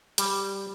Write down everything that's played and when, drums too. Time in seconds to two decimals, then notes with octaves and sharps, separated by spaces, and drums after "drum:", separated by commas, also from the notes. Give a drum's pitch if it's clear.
0.18 G3, drum: hi-hat